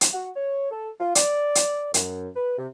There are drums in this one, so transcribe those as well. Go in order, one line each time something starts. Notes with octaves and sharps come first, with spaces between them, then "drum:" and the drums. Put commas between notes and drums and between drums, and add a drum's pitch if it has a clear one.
drum: hi-hat
F#4
C#5
A4
F4
D5, drum: hi-hat
drum: hi-hat
F#2, drum: hi-hat
B4
C3